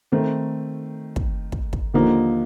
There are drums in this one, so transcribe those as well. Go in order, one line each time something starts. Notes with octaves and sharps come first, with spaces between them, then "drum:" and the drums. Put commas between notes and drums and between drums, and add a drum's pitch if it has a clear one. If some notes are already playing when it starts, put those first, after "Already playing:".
D#3 A3 C4
drum: kick
drum: kick
drum: kick
D#2 D3 F3 A#3 D#4